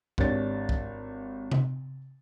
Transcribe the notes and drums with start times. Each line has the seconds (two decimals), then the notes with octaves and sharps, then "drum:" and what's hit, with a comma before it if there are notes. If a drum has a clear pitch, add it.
0.18 G#1 D4 G4 C#5 A6, drum: kick
0.69 drum: kick
1.52 drum: tom C3